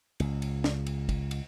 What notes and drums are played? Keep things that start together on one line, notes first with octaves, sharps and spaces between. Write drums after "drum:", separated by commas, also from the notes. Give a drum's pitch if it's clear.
C#2, drum: cymbal
drum: cymbal
drum: snare
drum: cymbal
drum: kick, cymbal
drum: cymbal